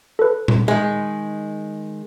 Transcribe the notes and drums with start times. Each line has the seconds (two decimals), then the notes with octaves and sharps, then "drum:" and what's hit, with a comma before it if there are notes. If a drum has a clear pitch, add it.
0.19 A4 B4
0.48 drum: tom A#2
0.68 D#3 G#3